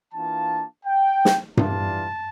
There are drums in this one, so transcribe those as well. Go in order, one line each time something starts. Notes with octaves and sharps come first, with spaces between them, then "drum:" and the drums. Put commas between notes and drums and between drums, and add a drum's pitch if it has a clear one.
E3 A#3 D4 F4 A5
G5
drum: snare
E3 G3 D4 F4 A5, drum: tom G2